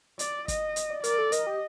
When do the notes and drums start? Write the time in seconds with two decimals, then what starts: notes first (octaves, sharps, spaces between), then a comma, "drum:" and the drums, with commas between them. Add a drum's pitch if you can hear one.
0.19 D5, drum: hi-hat
0.48 D#5, drum: kick, hi-hat
0.76 drum: hi-hat
0.90 D5
1.04 A#4 D5, drum: hi-hat
1.18 A4
1.32 A#4 D#5, drum: hi-hat
1.47 G4